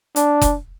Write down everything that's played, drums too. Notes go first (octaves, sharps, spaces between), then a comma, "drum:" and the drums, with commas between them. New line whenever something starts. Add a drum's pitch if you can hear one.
D4, drum: hi-hat
drum: kick F1, hi-hat